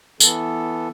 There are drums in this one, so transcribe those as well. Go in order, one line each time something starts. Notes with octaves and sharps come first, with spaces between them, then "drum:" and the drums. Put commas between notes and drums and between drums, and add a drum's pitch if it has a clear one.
E3 B3 A4, drum: tambourine